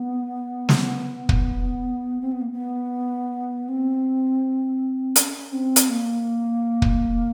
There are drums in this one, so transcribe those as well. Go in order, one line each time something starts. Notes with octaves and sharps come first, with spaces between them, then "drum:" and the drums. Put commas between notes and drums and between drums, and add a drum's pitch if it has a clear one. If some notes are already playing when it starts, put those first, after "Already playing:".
Already playing: B3
drum: snare
drum: kick
C4
B3
A#3
B3
C4
C#4, drum: hi-hat
C4
drum: hi-hat
A#3
drum: kick